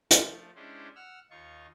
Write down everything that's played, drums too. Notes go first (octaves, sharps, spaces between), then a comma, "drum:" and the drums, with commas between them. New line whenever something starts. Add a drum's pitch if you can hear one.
F3 A3, drum: hi-hat
G#3 C#4 D4 E4 G4 C5
F#5 E6 F6
D#2 D#4 F4 C#6